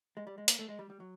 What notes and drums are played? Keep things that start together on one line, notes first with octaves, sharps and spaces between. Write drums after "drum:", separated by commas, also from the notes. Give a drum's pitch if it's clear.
G#3
G3
G#3
A#3, drum: hi-hat
A3
G#3
G3
G3
F#3